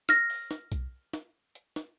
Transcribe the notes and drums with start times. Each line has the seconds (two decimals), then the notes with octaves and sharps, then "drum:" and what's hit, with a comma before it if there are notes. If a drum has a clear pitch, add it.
0.09 F6 A#6, drum: snare
0.30 drum: open hi-hat
0.51 drum: snare
0.72 drum: kick B1, hi-hat
1.13 drum: snare
1.55 drum: hi-hat
1.76 drum: snare